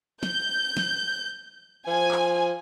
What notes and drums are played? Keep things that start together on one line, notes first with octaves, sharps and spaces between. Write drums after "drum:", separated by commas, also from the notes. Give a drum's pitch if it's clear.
G6, drum: snare
drum: snare
F3 G#5
drum: clap